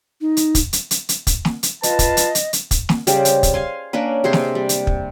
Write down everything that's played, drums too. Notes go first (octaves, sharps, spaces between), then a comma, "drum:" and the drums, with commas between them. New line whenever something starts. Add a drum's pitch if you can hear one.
D#4
drum: hi-hat
drum: kick, hi-hat
drum: hi-hat
drum: hi-hat
drum: hi-hat
drum: kick, hi-hat
drum: snare
drum: hi-hat
F4 B4 D#5 A5, drum: hi-hat
drum: kick, hi-hat
drum: hi-hat
drum: hi-hat
drum: hi-hat
drum: kick, hi-hat
drum: snare
C#3 G3 G4 C5, drum: hi-hat
drum: hi-hat
drum: kick, hi-hat
F5 G#5 C6
A#3 C#4 D4 B4
C3 G#4 C5 C6
drum: snare
G3
drum: hi-hat
drum: kick